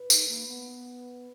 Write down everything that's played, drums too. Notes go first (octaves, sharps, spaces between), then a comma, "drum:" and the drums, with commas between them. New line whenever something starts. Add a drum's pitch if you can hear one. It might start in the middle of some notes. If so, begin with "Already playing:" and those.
Already playing: B4
D#4, drum: tambourine
A#3
B3